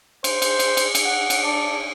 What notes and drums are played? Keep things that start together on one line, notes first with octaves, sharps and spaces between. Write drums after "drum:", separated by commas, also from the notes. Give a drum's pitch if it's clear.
C5, drum: cymbal
drum: cymbal
drum: cymbal
drum: cymbal
drum: cymbal
F#5
drum: cymbal
D4